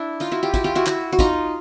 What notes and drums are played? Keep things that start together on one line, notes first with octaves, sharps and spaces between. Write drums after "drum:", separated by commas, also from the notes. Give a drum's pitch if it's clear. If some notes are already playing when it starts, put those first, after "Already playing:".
Already playing: D4 E4
D#4 F4, drum: tambourine
E4 F#4
F4 G4
E4 F#4, drum: kick, tambourine
F4 G4
E4 F#4
E4 F#4, drum: clap
F#4
D#4 F4, drum: kick, tambourine